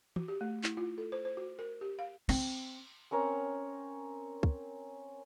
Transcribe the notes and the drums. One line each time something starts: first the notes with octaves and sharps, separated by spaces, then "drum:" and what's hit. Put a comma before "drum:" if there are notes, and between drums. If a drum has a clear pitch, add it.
F#4, drum: tom
G4
A3
E4, drum: clap
F4
A4
C5
C5
F#4
A#4
G4
F5
C4, drum: cymbal
C4 C#4 A#4 C#5
drum: kick